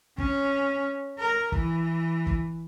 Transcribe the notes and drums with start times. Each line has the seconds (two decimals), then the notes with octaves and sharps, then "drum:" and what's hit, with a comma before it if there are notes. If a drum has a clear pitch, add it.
0.18 C#4, drum: kick
1.19 A#4
1.52 E3, drum: kick
2.27 drum: kick